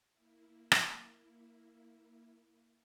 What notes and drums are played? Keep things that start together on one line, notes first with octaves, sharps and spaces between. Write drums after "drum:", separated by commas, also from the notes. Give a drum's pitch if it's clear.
A#3 E4
drum: rim click